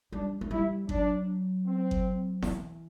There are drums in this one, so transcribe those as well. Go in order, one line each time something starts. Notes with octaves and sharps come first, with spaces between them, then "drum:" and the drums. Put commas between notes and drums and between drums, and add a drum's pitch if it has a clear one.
G3 D4
A3
G3 E4
F#3 D4, drum: kick G1
C4
drum: kick G1
E3, drum: snare E4